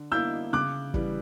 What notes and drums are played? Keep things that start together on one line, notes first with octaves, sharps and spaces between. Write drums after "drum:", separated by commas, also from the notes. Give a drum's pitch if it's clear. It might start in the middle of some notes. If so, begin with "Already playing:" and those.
Already playing: D3
A#3 E4 E6 G6
C#3 D6 F#6
E3 G3, drum: kick G1